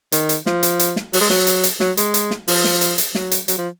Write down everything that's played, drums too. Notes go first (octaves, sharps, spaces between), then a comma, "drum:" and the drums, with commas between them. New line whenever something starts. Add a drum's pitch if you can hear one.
D#3, drum: hi-hat
drum: hi-hat
F3, drum: snare
drum: hi-hat
drum: hi-hat
drum: snare
F#3, drum: open hi-hat
G#3
F#3, drum: snare
drum: hi-hat
drum: hi-hat
F#3, drum: snare
G#3, drum: hi-hat
drum: hi-hat
drum: snare
F3, drum: open hi-hat
drum: snare
drum: hi-hat
drum: hi-hat
F#3, drum: snare
drum: hi-hat
F#3, drum: hi-hat
F3